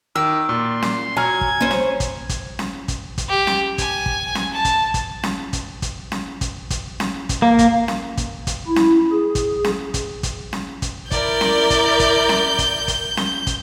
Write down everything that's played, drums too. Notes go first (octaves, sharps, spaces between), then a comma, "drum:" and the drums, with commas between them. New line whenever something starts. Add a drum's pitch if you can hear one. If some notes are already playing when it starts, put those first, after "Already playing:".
D#3 D6 E6
A#2 C6
drum: snare C#4
F#3 G#5 A#5 F6 G#6
drum: kick
C#4 C5
drum: snare C#4
drum: kick, hi-hat
drum: kick, hi-hat
drum: snare C#4
drum: kick, hi-hat
drum: kick, hi-hat
G4
drum: snare C#4
G#5, drum: kick, hi-hat
drum: kick
drum: snare C#4
A5
drum: kick, hi-hat
drum: kick, hi-hat
drum: snare C#4
drum: kick, hi-hat
drum: kick, hi-hat
drum: snare C#4
drum: kick, hi-hat
drum: kick, hi-hat
drum: snare C#4
drum: kick, hi-hat
A#3
drum: kick, hi-hat
drum: snare C#4
drum: kick, hi-hat
drum: kick, hi-hat
E4
drum: snare C#4
G#4
drum: kick, hi-hat
drum: snare C#4
drum: kick, hi-hat
drum: kick, hi-hat
drum: snare C#4
drum: kick, hi-hat
E4 A#4 D5 G6, drum: kick, hi-hat
drum: snare C#4
drum: kick, hi-hat
drum: kick, hi-hat
drum: snare C#4
drum: kick, hi-hat
drum: kick, hi-hat
drum: snare C#4
drum: kick, hi-hat